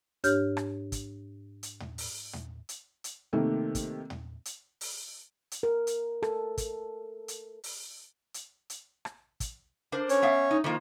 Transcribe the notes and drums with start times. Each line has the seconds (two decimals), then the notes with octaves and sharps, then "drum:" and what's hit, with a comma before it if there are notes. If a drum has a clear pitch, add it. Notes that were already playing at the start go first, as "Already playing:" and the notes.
0.24 G#2 D4 G4 C#5 F6 G6, drum: hi-hat
0.57 drum: rim click
0.92 drum: kick, hi-hat
1.63 drum: hi-hat
1.80 drum: tom
1.98 drum: open hi-hat
2.33 drum: tom
2.69 drum: hi-hat
3.04 drum: hi-hat
3.33 C3 D#3 A3 A#3
3.75 drum: kick, hi-hat
4.10 drum: tom
4.45 drum: hi-hat
4.81 drum: open hi-hat
5.51 drum: hi-hat
5.63 A#4
5.87 drum: hi-hat
6.23 A4, drum: rim click
6.58 drum: kick, hi-hat
7.28 drum: hi-hat
7.64 drum: open hi-hat
8.34 drum: hi-hat
8.70 drum: hi-hat
9.05 drum: rim click
9.40 drum: kick, hi-hat
9.92 D4 A#4 C5
10.09 C#4 C#5, drum: hi-hat
10.22 B3 E5 F5
10.51 D#4
10.64 D#3 F3 A#3